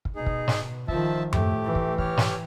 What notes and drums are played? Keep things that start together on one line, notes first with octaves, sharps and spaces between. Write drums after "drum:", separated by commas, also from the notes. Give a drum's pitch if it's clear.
drum: kick
B2 D#4 G#4
drum: kick
drum: snare
D#3 F3 E5 A5, drum: kick
A2 A3 G4, drum: tom F#2
E3
drum: kick
G4 C#5 F6, drum: kick
drum: snare